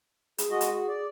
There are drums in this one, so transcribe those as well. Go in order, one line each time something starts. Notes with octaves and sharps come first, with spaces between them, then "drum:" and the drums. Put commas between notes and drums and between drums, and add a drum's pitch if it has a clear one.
G#4, drum: hi-hat
G#3 F#4 D#5
drum: hi-hat
F#4
D5